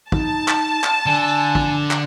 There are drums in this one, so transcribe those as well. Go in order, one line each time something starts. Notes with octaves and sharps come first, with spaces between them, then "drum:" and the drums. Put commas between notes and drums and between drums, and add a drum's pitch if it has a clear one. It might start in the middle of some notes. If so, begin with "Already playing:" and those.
D#4 A5, drum: kick
drum: clap
drum: clap
D3 G#5
drum: kick
drum: clap